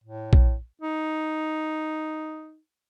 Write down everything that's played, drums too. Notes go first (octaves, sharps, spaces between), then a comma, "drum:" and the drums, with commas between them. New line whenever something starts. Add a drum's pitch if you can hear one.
A2
drum: kick A#1
D#4